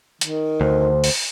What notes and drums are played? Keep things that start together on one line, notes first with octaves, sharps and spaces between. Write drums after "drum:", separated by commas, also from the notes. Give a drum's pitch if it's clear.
D#3, drum: hi-hat
D2 C5
drum: open hi-hat